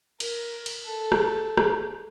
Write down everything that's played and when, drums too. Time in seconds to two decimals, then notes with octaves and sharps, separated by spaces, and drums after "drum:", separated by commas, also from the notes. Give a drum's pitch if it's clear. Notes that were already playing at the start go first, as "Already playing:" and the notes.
0.20 A#4, drum: cymbal
0.66 drum: cymbal
0.85 A4
1.12 drum: rim click
1.57 drum: rim click